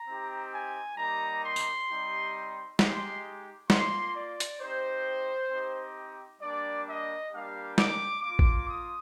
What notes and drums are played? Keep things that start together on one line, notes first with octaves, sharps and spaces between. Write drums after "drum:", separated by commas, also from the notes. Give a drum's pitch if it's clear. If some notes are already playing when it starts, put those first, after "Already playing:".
Already playing: A#5
C4 D#4 G4
G#5
G3 A#3 D#4 G4 A#5
C6
drum: tambourine
G3 C4 D#4 G4
G#3 D#4 G4 C6, drum: snare
A#3 F4 C6, drum: snare
D5
drum: hi-hat
C4 D#4 G4 C5
C4 D#4 G4
G3 A#3 D4 G4 D5
D#5
G3 A#3 D4 G4 F5
D6, drum: snare
A#3 F4 D6
drum: kick A1
D#6